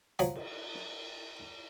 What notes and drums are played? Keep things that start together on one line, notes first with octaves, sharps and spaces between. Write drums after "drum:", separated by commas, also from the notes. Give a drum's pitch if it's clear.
F3 F#3, drum: hi-hat
drum: cymbal
drum: snare